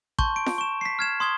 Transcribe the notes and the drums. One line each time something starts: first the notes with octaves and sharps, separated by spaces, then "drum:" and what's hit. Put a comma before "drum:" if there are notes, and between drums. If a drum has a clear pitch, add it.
A5 C6 C#6 G6, drum: kick
D7
drum: snare F4
C#6 E7
B6 C7
F6 G#6 E7
C6 D#6 G#6 G7